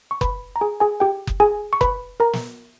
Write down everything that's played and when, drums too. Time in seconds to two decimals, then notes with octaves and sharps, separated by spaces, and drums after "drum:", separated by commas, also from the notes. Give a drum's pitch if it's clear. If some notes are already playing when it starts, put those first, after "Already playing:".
0.11 C#6
0.21 B4 B5, drum: kick F#1
0.56 A#5
0.61 G#4 G#5
0.80 G#4 G#5
1.00 G4 G5
1.27 drum: kick F#1
1.40 G#4 G#5
1.73 C#6
1.81 B4 B5, drum: kick F#1
2.20 A#4 A#5
2.33 drum: snare